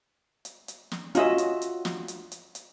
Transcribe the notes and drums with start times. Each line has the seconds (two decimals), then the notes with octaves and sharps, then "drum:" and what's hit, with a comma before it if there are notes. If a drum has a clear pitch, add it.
0.45 drum: hi-hat
0.68 drum: hi-hat
0.92 drum: snare
1.15 C#4 F4 F#4 D#5 E5, drum: hi-hat
1.38 drum: hi-hat
1.62 drum: hi-hat
1.85 drum: snare
2.08 drum: hi-hat
2.32 drum: hi-hat
2.55 drum: hi-hat